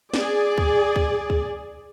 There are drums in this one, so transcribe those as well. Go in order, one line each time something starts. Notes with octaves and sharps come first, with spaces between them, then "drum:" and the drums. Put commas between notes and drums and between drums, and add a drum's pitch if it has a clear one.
G#4 D5, drum: snare
drum: kick C#2
drum: kick C#2
drum: kick C#2